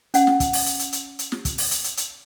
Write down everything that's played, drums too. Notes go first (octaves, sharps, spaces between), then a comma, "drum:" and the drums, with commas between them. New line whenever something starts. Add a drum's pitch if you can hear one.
C#4 F#5, drum: hi-hat
drum: snare
drum: kick, hi-hat
drum: open hi-hat
drum: hi-hat
drum: hi-hat
drum: hi-hat
drum: hi-hat
drum: snare
drum: kick, hi-hat
drum: open hi-hat
drum: hi-hat
drum: hi-hat
drum: hi-hat